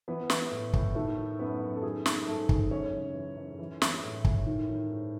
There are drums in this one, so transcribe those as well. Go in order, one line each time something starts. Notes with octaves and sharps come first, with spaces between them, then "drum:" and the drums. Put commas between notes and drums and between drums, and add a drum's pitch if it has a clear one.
E3 B3 B4
E3, drum: snare
A2
A2, drum: kick
D#3 A3 A4
D#3
F#2 B3 B4
F#2
A4
D#3 G#4
D#3, drum: snare
G#2 A3 A4
G#2, drum: kick
F#2 C#4 C#5
C#3
E3
F#2
E3
E3, drum: snare
A2
A2, drum: kick
D#3
D#3
G#2